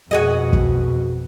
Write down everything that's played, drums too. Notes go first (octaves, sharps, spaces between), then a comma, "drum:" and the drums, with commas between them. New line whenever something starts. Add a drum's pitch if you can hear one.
F2 B2 F#4 G#4 D#5
drum: kick